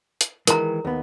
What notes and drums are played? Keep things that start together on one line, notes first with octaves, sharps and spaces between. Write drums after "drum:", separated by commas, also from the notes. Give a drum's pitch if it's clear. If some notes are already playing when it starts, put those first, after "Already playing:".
drum: hi-hat
D#3 E3 G#3 A#4 A#5, drum: hi-hat
D#2 B3